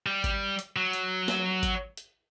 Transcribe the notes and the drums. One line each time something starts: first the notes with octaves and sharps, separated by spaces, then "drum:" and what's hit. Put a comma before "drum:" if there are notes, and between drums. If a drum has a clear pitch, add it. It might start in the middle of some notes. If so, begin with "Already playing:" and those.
G3
drum: kick G#1, hi-hat
drum: hi-hat
F#3
drum: hi-hat
drum: snare
drum: kick G#1, hi-hat
drum: hi-hat